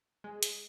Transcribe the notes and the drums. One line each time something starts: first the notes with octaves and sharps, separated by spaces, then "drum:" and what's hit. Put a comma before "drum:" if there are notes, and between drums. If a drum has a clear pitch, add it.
G#3
drum: hi-hat